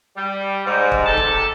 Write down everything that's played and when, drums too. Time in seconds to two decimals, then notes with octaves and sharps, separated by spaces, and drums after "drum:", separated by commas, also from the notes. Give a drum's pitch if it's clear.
0.16 G3
0.66 G#2
0.92 drum: kick
1.06 G#2 C3 D#3 A4 A5
1.17 drum: kick